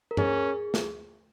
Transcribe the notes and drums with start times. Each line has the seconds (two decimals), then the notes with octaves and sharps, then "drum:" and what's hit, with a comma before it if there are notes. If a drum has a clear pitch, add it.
0.11 A#4
0.17 C#4 G#4, drum: tom G2
0.74 drum: snare